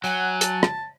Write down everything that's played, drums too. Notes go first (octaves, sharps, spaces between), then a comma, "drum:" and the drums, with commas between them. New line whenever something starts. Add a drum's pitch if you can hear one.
F#3 F#5 G#5
A5, drum: hi-hat
drum: rim click